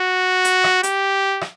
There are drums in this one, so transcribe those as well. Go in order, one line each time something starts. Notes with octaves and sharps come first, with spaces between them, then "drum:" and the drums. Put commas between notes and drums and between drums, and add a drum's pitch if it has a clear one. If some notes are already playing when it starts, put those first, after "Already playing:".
Already playing: F#4
drum: hi-hat
drum: rim click
G4, drum: hi-hat
drum: rim click